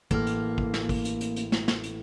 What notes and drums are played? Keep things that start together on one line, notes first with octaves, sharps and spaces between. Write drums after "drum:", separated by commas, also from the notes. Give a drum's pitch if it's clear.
A1 A#3 F6, drum: kick
drum: hi-hat
drum: kick
drum: snare
drum: kick, open hi-hat
drum: hi-hat
drum: hi-hat
drum: hi-hat
drum: snare
drum: snare
drum: hi-hat